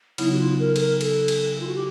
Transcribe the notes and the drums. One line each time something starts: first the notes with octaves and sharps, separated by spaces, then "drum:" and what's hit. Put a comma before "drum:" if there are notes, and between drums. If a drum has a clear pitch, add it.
C#3 F#3 B3 D#4 E4, drum: cymbal
F#4
F4
A#4
A4, drum: cymbal
A#4
A4, drum: cymbal
drum: cymbal
F4
F#4
G4